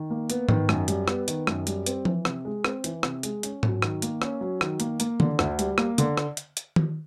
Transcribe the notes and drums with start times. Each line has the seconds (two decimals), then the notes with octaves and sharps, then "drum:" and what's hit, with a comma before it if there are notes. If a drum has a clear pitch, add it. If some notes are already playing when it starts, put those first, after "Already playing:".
Already playing: D#3
0.10 A#3
0.30 B3, drum: hi-hat
0.49 D#3, drum: tom G#2
0.69 F#2, drum: rim click
0.88 G3, drum: hi-hat
1.08 B3, drum: rim click
1.28 D#3, drum: hi-hat
1.47 F#2, drum: rim click
1.67 G3, drum: hi-hat
1.86 C4, drum: hi-hat
2.05 E3, drum: tom F3
2.25 C3, drum: rim click
2.45 G#3
2.64 C4, drum: rim click
2.84 E3, drum: hi-hat
3.03 C3, drum: rim click
3.23 G#3, drum: hi-hat
3.43 C#4, drum: hi-hat
3.63 F#3, drum: tom G#2
3.82 D#3, drum: rim click
4.02 A#3, drum: hi-hat
4.22 C#4, drum: rim click
4.41 F#3
4.61 D#3, drum: rim click
4.80 A#3, drum: hi-hat
5.00 A#3, drum: hi-hat
5.20 D3, drum: tom D#3
5.39 D2, drum: rim click
5.59 G3, drum: hi-hat
5.78 A#3, drum: rim click
5.98 D3, drum: hi-hat
6.18 drum: rim click
6.37 drum: hi-hat
6.57 drum: hi-hat
6.76 drum: tom D#3